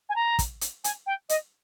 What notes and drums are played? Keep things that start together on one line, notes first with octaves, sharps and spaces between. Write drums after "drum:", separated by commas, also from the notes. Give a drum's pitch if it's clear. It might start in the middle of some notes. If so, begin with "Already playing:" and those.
G#5
A#5
drum: kick, hi-hat
drum: hi-hat
G#5, drum: hi-hat
G5
D#5, drum: hi-hat